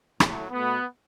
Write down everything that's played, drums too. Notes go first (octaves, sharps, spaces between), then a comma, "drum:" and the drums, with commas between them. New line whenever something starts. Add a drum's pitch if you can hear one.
A2 F#3 A3, drum: rim click
B2 A3 B3